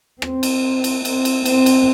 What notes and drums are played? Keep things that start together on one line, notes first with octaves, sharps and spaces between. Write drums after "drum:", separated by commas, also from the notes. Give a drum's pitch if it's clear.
C4, drum: rim click
drum: cymbal
drum: cymbal
C4, drum: cymbal
drum: cymbal
C4, drum: cymbal
drum: cymbal